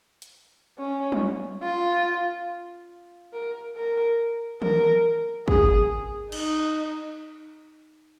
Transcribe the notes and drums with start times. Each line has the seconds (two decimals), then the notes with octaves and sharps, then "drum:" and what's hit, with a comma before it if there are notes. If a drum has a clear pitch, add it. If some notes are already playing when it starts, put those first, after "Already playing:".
0.22 drum: hi-hat
0.79 C#4
1.12 drum: tom F#3
1.63 F4
3.33 A#4
3.77 A#4
4.62 A#4, drum: tom D#3
5.48 G#4, drum: kick
6.32 D#4, drum: cymbal